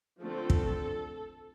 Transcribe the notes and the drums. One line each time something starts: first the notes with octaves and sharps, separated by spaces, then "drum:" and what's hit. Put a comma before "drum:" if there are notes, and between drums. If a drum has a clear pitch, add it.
D3 F3 A3 C4 A4
drum: kick